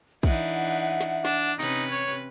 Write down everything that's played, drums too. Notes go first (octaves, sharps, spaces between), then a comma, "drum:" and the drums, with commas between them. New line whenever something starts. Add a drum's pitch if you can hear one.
E3 D4 D#4 E5 F#5, drum: kick
drum: snare
D4, drum: snare
C3 C#4 D#4 B4
C#5